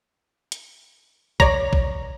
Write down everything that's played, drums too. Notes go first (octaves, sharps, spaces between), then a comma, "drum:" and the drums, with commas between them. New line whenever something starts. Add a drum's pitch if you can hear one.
drum: hi-hat
C#5 D5 A#5, drum: kick
drum: kick